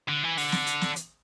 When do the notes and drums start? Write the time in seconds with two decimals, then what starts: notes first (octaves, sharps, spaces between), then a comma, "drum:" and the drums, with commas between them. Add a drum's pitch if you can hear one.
0.09 D3
0.23 E3
0.37 D3, drum: open hi-hat
0.52 drum: snare
0.67 drum: hi-hat
0.81 drum: snare
0.96 drum: hi-hat